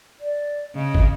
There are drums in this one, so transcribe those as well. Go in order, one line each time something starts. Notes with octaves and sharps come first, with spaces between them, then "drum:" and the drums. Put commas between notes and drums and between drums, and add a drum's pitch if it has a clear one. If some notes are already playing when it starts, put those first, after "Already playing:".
D5
C#3 D#5
drum: kick